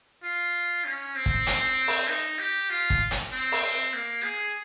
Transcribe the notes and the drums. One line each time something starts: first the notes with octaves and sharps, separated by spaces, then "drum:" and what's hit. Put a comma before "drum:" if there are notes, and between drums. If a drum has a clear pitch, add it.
F4
C#4
C4
drum: kick G1
drum: hi-hat
drum: open hi-hat
D#4
G4
F4
drum: kick G1
drum: hi-hat
C4
drum: open hi-hat
C4
A#3
G#4